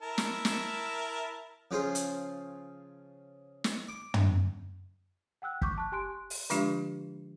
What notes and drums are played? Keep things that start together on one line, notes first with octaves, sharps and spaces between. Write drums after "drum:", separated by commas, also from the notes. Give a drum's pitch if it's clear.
E4 A#4 A5
drum: snare
drum: snare
C#3 F3 C#4 F4 G#4 C5
drum: hi-hat
drum: snare
D6
drum: tom
F#5 G5 E6 F#6
C#6 D6 G6 B6, drum: kick
A5 F#6
G4 G#5 C6 F#6 D7
drum: open hi-hat
D3 F3 G#3 D4 F4 G4, drum: hi-hat